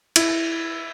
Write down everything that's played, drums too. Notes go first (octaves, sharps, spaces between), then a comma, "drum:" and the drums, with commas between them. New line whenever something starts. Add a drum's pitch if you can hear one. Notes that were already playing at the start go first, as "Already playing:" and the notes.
E4, drum: cymbal